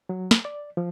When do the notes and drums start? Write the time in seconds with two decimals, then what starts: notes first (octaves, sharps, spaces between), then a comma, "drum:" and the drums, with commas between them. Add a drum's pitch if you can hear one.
0.09 F#3
0.31 drum: snare
0.45 D5
0.77 F3